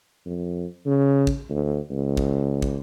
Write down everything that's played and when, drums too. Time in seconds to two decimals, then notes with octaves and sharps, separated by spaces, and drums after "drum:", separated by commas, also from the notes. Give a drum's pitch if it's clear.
0.26 F2
0.85 C#3
1.27 drum: kick
1.50 D2
1.90 C#2
2.17 drum: kick
2.62 drum: kick